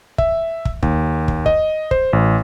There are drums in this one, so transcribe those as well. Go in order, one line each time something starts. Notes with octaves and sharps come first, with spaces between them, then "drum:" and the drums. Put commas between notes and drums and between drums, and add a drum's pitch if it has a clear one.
E5, drum: kick
drum: kick
D#2, drum: kick
drum: kick
D#5, drum: kick
C5, drum: kick
A1